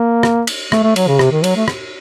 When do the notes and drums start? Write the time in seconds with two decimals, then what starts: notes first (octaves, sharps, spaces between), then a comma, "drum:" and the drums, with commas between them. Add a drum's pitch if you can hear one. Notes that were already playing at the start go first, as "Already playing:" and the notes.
Already playing: A#3
0.23 drum: rim click
0.47 drum: cymbal
0.72 A3, drum: rim click
0.83 A3
0.96 F#3, drum: cymbal
1.08 C#3
1.19 C3, drum: rim click
1.32 D#3
1.44 F#3, drum: cymbal
1.56 A3
1.68 drum: rim click